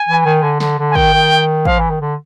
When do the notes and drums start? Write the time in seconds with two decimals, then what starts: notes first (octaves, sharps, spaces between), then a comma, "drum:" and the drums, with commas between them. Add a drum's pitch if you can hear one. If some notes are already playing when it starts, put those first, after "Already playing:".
Already playing: G#5
0.09 E3
0.26 D#3
0.43 D3
0.60 D3, drum: snare
0.79 D3
0.91 G#5
0.95 D#3 G5, drum: kick
1.14 D#3
1.65 F3 F5, drum: kick
1.79 E3
1.90 D#3
2.01 D3